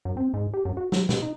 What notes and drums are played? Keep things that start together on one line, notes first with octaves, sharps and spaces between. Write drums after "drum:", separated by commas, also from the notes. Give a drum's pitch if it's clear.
F#2
C4
G#2
G4
F#2
F#4
F#3, drum: snare
B2, drum: snare
D#4